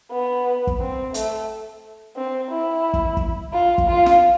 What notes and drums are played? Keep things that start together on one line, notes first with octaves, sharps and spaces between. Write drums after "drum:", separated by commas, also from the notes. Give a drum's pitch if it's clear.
B3
drum: kick
C4
A3, drum: hi-hat
C4
E4
drum: kick
drum: kick
F4
drum: kick
F4
drum: snare